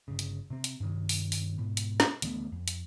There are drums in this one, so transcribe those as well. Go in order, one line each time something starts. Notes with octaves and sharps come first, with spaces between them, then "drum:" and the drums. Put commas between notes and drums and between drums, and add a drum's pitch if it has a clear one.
G1 C#3
drum: hi-hat
C3 C4
drum: hi-hat
G2 C3 D#3
drum: open hi-hat
drum: open hi-hat
G#2 B2
drum: hi-hat
drum: snare
D2 E3 A3 B3, drum: hi-hat
F2
drum: hi-hat